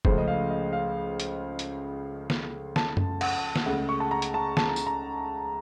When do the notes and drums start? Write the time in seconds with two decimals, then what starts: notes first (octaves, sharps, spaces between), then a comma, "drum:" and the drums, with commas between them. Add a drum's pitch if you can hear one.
0.05 C#2 C#3 F3 A3 C5, drum: kick F1
0.18 D#5
0.28 F5
0.50 D#5
0.73 F5
1.20 drum: hi-hat
1.59 drum: hi-hat
2.30 drum: snare
2.76 A5, drum: snare
2.97 drum: tom F#2
3.21 F#5, drum: cymbal
3.56 drum: snare
3.66 C#2 C#3 A3 F#5
3.89 C#6
4.00 A5
4.11 A#5
4.22 drum: hi-hat
4.34 A5
4.57 A5, drum: snare
4.76 drum: tambourine
4.87 A#5